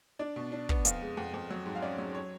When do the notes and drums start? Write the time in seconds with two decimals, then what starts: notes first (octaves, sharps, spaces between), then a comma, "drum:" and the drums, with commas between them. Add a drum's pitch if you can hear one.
0.19 D4 D5
0.36 B2
0.52 D4
0.69 B3, drum: kick
0.85 F2 F5, drum: hi-hat
1.02 G#3
1.17 F2 F#5
1.34 F2
1.51 F#3
1.66 G#2
1.75 F5
1.82 C#4 D5
1.98 F#3
2.15 C#5